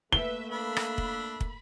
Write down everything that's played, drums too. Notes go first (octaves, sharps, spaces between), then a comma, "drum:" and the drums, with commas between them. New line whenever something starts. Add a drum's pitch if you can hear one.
A3 A#3 B4 E5 G7, drum: kick
D4 E5 B5
drum: rim click
drum: kick
drum: kick